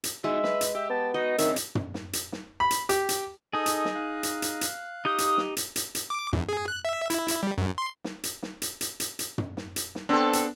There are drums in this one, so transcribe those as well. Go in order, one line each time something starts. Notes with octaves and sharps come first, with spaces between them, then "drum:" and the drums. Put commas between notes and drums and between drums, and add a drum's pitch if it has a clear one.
drum: hi-hat
G#3 D#4 E4 F#4 E5
B4, drum: snare
drum: hi-hat
G4 E5
B3 A5
D#4 F#4 D#5
D#3 C4 D4 G#4 C#5 E5, drum: hi-hat
drum: hi-hat
drum: tom
drum: snare
drum: hi-hat
drum: snare
B5
drum: hi-hat
G4, drum: hi-hat
drum: hi-hat
D#4 G#4 A4 D#5 D#6
drum: hi-hat
drum: snare
F5 F#6
drum: hi-hat
drum: hi-hat
drum: hi-hat
D#4 G4 D#6 G6
drum: hi-hat
drum: snare
drum: hi-hat
drum: hi-hat
drum: hi-hat
D6
E2, drum: tom
G#4
F#6
E5
E4, drum: hi-hat
drum: hi-hat
G3
F#2
C6
drum: snare
drum: hi-hat
drum: snare
drum: hi-hat
drum: hi-hat
drum: hi-hat
drum: hi-hat
drum: tom
drum: snare
drum: hi-hat
drum: snare
B3 C4 D4 A4
drum: hi-hat